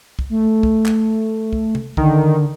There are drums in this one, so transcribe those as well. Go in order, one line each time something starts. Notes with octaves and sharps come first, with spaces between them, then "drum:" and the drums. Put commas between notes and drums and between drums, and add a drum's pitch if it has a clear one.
drum: kick
A3
drum: kick
drum: clap
drum: kick
drum: tom C3
D3 D#3, drum: kick